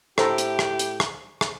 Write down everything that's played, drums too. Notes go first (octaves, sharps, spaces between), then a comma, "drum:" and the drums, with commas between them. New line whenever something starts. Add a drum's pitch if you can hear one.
A2 E4 G4 A4 C5 A#5, drum: rim click
drum: hi-hat
drum: rim click
drum: hi-hat
drum: rim click
drum: rim click